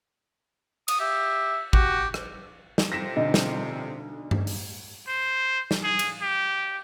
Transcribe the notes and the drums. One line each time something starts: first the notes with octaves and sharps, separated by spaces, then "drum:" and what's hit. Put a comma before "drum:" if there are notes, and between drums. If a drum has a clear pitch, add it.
D#6, drum: cymbal
G4 E5
F#4 G4, drum: kick G#1
drum: rim click
drum: snare
F2 C3 A#6 B6 E7
B1 D3 D#5
drum: snare
drum: tom G2
drum: open hi-hat
C5
drum: snare
G#4
drum: cymbal
G4